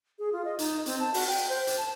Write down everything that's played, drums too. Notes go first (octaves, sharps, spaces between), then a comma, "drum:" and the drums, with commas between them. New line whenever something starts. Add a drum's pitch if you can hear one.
G#4
F4
D#5
D#4, drum: hi-hat
C4, drum: hi-hat
A5
F#4, drum: open hi-hat
G5
C5
drum: hi-hat
A5